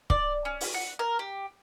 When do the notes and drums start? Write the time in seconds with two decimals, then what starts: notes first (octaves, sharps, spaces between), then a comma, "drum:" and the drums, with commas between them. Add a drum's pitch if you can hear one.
0.10 D5, drum: kick C#1
0.45 C#4
0.61 drum: open hi-hat
0.74 F#5
0.99 A#4
1.19 G4